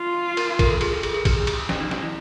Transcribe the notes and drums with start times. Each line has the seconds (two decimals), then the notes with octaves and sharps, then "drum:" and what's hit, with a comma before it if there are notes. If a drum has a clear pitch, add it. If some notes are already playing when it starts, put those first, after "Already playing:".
Already playing: F4
0.37 A#4, drum: cymbal
0.59 A#4, drum: kick, cymbal
0.66 A4
0.81 G#4, drum: cymbal
0.92 A4
1.03 G#4, drum: cymbal
1.14 G#4
1.25 G4, drum: kick, cymbal
1.47 drum: cymbal
1.69 C#4, drum: snare
1.81 D#4
1.91 drum: snare
2.02 E4